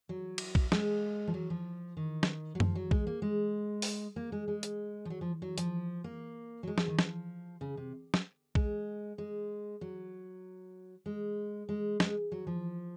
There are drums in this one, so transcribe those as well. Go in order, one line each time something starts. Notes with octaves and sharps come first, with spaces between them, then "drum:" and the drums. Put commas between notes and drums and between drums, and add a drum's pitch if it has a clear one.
F#3
drum: cymbal
drum: kick A#1
G#3, drum: snare
F3
F#3
F3
D#3
drum: snare
F#3
F3, drum: tom F#2
F#3
G#3, drum: kick A#1
A#3
G#3
drum: open hi-hat
A#3
G#3
G#3
drum: hi-hat
F3
F#3
F3
F#3
F3, drum: hi-hat
A#3
F#3
G#3
F3, drum: snare
D#3
F3, drum: snare
C#3
C3
drum: snare
G#3, drum: kick A#1
G#3
F#3
G#3
G#3
G#3, drum: snare
F#3
F3